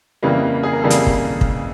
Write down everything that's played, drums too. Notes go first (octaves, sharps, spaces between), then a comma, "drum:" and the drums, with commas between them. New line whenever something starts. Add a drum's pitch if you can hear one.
F2 C#3 E3 G3 A#3 B4
G#4
A#4
F2 C#3 E3 G3 A#3 A4
G#4, drum: hi-hat
drum: kick
drum: kick